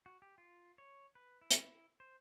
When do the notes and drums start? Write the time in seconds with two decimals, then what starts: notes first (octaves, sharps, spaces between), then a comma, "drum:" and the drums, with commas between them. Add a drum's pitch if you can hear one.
0.06 F#4
0.22 G4
0.38 F4
0.78 C#5
1.15 B4
1.41 E4
1.51 drum: hi-hat
2.00 C5